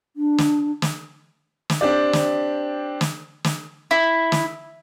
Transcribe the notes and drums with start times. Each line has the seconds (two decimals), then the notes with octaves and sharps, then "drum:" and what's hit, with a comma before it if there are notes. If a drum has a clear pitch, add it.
0.17 D4
0.38 drum: snare
0.82 drum: snare
1.70 drum: snare
1.81 C4 D4 G4 D5
2.13 drum: snare
3.01 drum: snare
3.44 drum: snare
3.91 E4
4.32 drum: snare